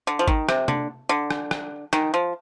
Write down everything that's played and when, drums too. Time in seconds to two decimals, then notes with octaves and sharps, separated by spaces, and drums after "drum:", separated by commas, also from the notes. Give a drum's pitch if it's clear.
0.07 D3
0.19 F3
0.27 D#3, drum: kick G#1
0.49 C3, drum: rim click
0.68 D3, drum: tom
1.09 D3
1.31 drum: rim click
1.51 drum: rim click
1.93 D#3, drum: rim click
2.14 F3